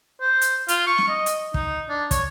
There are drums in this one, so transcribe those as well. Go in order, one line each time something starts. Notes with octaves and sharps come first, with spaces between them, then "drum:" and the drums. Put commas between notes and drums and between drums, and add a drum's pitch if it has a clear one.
C5
drum: hi-hat
F4, drum: hi-hat
C#6
drum: snare
D#5
drum: hi-hat
D#4, drum: kick
D4
C#5, drum: kick, hi-hat